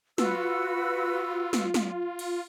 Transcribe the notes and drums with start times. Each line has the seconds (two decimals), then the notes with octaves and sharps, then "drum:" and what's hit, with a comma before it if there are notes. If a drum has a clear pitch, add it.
0.18 F4 F#4 B4 E6, drum: snare
1.53 drum: snare
1.74 drum: snare
2.19 drum: cymbal